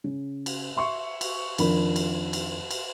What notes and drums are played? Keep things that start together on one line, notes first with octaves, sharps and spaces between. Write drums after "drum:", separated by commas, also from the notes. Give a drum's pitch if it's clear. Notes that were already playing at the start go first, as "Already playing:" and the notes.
C#3
drum: cymbal
E5 C6 C#6
drum: cymbal
F2 D#3 F3 D4 A#4 B5, drum: cymbal
drum: cymbal
drum: cymbal
drum: cymbal